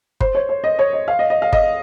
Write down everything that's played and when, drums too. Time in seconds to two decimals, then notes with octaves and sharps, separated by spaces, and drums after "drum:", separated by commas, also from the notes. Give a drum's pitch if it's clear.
0.20 C5, drum: kick G1
0.35 C#5
0.49 C#5
0.64 D#5
0.79 C#5
0.93 D#5
1.08 F5
1.19 D#5
1.30 D#5
1.42 F5
1.53 D#5, drum: kick G1